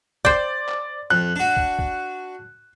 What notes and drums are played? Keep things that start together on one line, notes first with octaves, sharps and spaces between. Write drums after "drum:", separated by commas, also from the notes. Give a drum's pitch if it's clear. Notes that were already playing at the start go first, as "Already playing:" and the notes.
C5 D5 G5, drum: kick
drum: clap
F2 F#6
D4 F#4
drum: kick
drum: kick